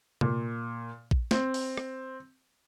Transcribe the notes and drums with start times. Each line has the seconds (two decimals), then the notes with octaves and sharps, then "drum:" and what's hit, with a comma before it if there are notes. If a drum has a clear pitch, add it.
0.21 A#2, drum: tom C3
1.11 drum: kick
1.31 C4, drum: snare
1.54 drum: open hi-hat
1.77 drum: rim click